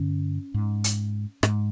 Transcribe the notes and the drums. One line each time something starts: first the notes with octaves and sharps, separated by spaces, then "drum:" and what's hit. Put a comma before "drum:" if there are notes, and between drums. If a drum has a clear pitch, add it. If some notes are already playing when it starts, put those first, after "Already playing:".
Already playing: G2 D3 C#4
G#2
drum: hi-hat
G#2, drum: rim click